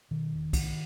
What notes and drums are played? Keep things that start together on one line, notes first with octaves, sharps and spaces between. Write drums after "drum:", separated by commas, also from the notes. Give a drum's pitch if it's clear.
B2 D#3
E1
B1, drum: kick, cymbal